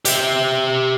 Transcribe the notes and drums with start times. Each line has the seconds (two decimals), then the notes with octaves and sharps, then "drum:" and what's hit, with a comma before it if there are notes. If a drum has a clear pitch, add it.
0.05 G4 E5, drum: hi-hat